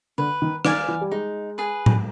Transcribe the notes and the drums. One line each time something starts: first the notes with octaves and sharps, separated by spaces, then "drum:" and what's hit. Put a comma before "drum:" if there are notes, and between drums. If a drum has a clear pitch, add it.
D3 B4
D#3
D#3 D5 F5 G#5, drum: rim click
E3
G3
G#3 D#4
G#4 B4
drum: tom A2